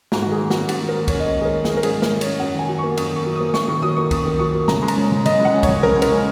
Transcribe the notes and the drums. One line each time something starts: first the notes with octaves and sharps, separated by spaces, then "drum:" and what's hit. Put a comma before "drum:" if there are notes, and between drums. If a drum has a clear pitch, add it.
G#2 F#4, drum: snare
F#4
D#3 G#4
A#3
F#4, drum: snare
C#4
G#2 F#4, drum: cymbal
D#3
A#4
A#3
C#4 C#5, drum: kick, cymbal
D#5
G#2 C#5
D#3 G#4 A#4
A#3
G#4, drum: snare
C#4
A#4
G#2 G#4, drum: cymbal
D#3
A#4, drum: snare
A#3
C#4 C#5, drum: cymbal
F#2 F#5
D#3 G#5
F#3
C#6
A#3
F#2 D#6, drum: cymbal
D#3 C#6
F#3
A#3 D#6
F#2 C#6, drum: snare
D#3 C#6
F#3 D#6
A#3 C#6
F#2 D#6, drum: kick, cymbal
D#3
F#3 C#6
A#3
C#3 A#5, drum: snare
G#3
A#5, drum: cymbal
C#4
C#3
C#3 D#5, drum: cymbal
G#3
F#5
C#4
C#5, drum: kick, cymbal
C#3
C#3 A#4
G#3
A#4, drum: cymbal
C#4